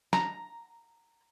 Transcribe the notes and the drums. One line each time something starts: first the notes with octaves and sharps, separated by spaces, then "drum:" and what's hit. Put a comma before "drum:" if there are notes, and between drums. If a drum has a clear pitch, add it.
A#5, drum: snare